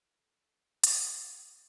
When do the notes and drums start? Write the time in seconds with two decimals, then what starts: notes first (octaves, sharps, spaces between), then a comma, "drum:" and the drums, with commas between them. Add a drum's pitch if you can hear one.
0.16 A4
0.84 A2 C3 G#3 G#4 D#5 A5, drum: hi-hat